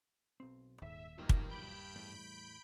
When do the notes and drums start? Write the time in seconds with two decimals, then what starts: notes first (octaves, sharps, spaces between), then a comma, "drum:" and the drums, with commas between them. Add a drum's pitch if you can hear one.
0.40 B1 C4
0.82 D#1 D#2 G#2 E5
1.18 G2 B2 D#3 F3 F#3 A#3 G4
1.29 drum: kick
1.49 B5 G6 D7
1.96 E2 A2 G3